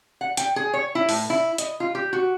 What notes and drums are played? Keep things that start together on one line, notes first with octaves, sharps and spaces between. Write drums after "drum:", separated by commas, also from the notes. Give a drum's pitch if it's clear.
F#5
G5, drum: hi-hat
G#4
C#5
E4
A2, drum: open hi-hat
E4
D#5, drum: hi-hat
F4
G4
F#4